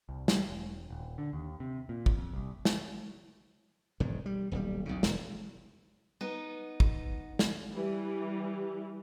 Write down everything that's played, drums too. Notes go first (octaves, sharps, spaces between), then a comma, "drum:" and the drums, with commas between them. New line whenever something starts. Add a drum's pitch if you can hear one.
C2
G3, drum: snare
E1
D#1
D3
D#2
C3
A#2
drum: kick
F2
C2
drum: snare
E1 B1 G#2 D#3
G3
D#1 B1 A2 G3
B1 E2 C#3
E1 E2, drum: snare
B3 D#4
drum: kick
drum: snare
E3 G3